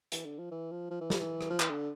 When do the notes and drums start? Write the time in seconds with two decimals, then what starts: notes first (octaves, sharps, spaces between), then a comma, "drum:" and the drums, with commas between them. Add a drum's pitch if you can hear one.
0.12 E3, drum: hi-hat
0.25 D3
0.38 F3
0.51 E3
0.71 F3
0.90 F3
1.01 E3
1.10 F3, drum: snare
1.20 E3
1.41 drum: rim click
1.50 F3
1.60 E3, drum: clap
1.70 D3